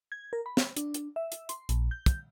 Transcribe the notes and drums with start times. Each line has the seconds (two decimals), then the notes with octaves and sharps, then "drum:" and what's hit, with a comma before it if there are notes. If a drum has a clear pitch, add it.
0.12 G#6
0.33 A#4
0.46 B5
0.57 drum: snare
0.77 D4, drum: hi-hat
0.94 drum: hi-hat
1.16 E5
1.32 drum: hi-hat
1.49 C6, drum: hi-hat
1.69 A#1, drum: hi-hat
1.91 G6
2.06 drum: kick, hi-hat